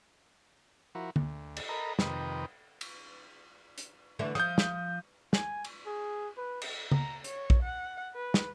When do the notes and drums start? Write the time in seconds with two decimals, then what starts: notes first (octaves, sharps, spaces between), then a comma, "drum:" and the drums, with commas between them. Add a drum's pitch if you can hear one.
0.95 F3 E4 F#4 A#4
1.16 D2, drum: tom D3
1.56 drum: cymbal
1.69 A4 A#4 D#5 A#5 B5
1.99 F2 C3 D#3 B4 G5 D#6, drum: snare
2.81 drum: cymbal
3.78 drum: hi-hat
4.19 D3 E3 A3
4.35 F3 D#6 G6, drum: rim click
4.58 drum: snare
5.33 G#5, drum: snare
5.64 drum: cymbal
5.86 G#4
6.37 B4
6.61 drum: cymbal
6.91 A#5, drum: tom C#3
7.24 C#5, drum: hi-hat
7.50 drum: kick A#1
7.63 F#5
8.15 B4
8.34 drum: snare